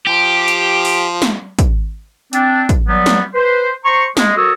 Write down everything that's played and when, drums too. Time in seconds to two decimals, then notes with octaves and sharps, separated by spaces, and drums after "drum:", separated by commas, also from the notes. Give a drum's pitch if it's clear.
0.07 F3 G4
0.48 drum: hi-hat
0.85 drum: open hi-hat
1.22 drum: snare
1.59 drum: kick, hi-hat
2.33 C4 D4, drum: hi-hat
2.69 drum: kick, hi-hat
2.88 F#3 G3 B3
3.06 drum: snare
3.35 B4 C5
3.85 C5 A#5 C6 C#6
4.17 G#3, drum: snare
4.37 F#4 A4 A#4 C#5 D#6 E6